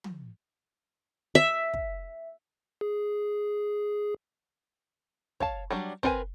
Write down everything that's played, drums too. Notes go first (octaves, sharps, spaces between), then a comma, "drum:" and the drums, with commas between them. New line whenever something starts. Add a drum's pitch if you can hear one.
drum: tom
E5
drum: kick
G#4
C#5 F5 A5, drum: kick
F#3 G3 D4
C4 D4 A#4 B4 G#5, drum: kick